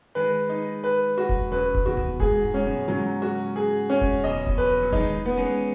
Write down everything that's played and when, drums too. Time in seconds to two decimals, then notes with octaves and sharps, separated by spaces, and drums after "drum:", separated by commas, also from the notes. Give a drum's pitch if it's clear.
0.15 D#3 G#3 B4
0.49 D#4
0.84 B4
1.18 F#4
1.29 drum: kick E1
1.51 C#3 F#3 B4
1.75 drum: kick E1
1.86 B2 D#3 F#4
1.97 drum: tom C#2
2.20 G#2 G#4, drum: kick E1
2.43 G#2
2.54 C#4
2.65 F#2 B2
2.88 G#2 C#3 F#3
3.22 F#4
3.56 G#4
3.90 C#4
4.01 drum: kick E1
4.24 F#2 B2 D#5
4.47 drum: kick E1
4.58 B4
4.82 F#3
4.92 D#3 G#3 D#4, drum: kick E1
5.26 B3
5.37 G#3 C#4